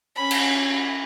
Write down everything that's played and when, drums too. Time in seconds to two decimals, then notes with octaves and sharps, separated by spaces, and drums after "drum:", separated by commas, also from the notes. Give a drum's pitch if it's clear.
0.15 C#4 B5
0.31 drum: cymbal